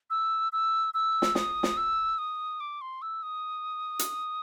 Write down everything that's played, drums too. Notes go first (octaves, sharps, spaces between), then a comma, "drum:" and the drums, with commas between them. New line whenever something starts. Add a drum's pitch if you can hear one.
E6
E6
E6
drum: snare
D#6, drum: snare
drum: snare
E6
D#6
D6
C6
E6
D#6
drum: hi-hat